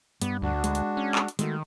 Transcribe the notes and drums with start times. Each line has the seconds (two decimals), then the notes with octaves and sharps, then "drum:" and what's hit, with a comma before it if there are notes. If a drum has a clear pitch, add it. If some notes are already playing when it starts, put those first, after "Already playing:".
0.21 G2 B3, drum: hi-hat
0.42 D2 D4 F#4
0.64 G#3, drum: hi-hat
0.75 drum: hi-hat
0.97 C#4
1.15 drum: clap
1.28 drum: hi-hat
1.39 D#3 G#3 A3 F#4, drum: hi-hat